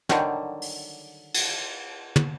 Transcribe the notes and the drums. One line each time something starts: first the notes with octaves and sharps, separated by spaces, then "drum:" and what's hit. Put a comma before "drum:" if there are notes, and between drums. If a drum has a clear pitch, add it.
D3 D#3 F#3 G3, drum: snare
drum: open hi-hat
drum: cymbal
drum: tom